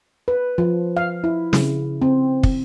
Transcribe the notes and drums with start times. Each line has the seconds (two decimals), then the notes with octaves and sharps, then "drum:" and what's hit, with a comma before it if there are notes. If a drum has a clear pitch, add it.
0.28 B4
0.58 F3
0.97 F5
1.24 E4
1.53 C#3, drum: snare
2.02 C4
2.43 drum: kick